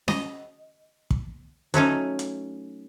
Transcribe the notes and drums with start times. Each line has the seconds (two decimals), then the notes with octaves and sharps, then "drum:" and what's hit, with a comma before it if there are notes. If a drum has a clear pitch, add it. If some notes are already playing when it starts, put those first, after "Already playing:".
0.08 D#5, drum: snare C#4
1.11 drum: kick
1.74 F#3 A3 C#4 D#4, drum: hi-hat
2.19 drum: hi-hat